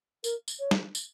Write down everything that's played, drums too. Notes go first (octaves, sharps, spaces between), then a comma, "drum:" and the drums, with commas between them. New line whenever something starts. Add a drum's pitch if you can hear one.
A#4, drum: tambourine
drum: tambourine
C#5
drum: snare
drum: tambourine